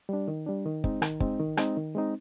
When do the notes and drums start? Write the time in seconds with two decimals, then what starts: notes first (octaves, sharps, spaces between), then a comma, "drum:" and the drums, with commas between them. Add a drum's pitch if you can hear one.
0.09 G3 D4
0.28 D#3
0.47 G3 D4
0.66 D#3
0.84 G#3 C4 D#4, drum: kick
1.02 D#3, drum: rim click
1.20 G#3 C4 D#4, drum: kick
1.39 D#3
1.57 G#3 C4 D#4, drum: rim click
1.77 D#3
1.95 G#3 C4 D#4